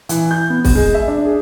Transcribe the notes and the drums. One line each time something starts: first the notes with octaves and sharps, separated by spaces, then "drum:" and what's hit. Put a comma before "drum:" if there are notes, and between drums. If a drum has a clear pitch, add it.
E3, drum: hi-hat
G6
B3
drum: kick, open hi-hat
G#3
E5
D4
G#4